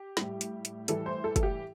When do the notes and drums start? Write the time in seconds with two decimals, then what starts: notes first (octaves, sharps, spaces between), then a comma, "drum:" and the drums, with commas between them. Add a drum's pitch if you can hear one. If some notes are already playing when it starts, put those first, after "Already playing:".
Already playing: G4
0.17 A2 G3, drum: snare
0.41 drum: hi-hat
0.65 drum: hi-hat
0.88 A2 E3 G3 A4, drum: hi-hat
1.06 C5
1.24 A4
1.36 A4, drum: kick, hi-hat
1.43 G4